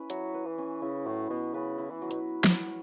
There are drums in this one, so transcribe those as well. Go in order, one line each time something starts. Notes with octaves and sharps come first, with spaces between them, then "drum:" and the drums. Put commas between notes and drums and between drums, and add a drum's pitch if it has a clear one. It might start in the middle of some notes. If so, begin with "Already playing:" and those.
Already playing: C#4 E4 B4
F#3 E5, drum: hi-hat
B4
E3
C#4
C#3 E4
A2 F#3
B2 B3
C#3 B4
E4
E3
F#3
B2, drum: hi-hat
drum: snare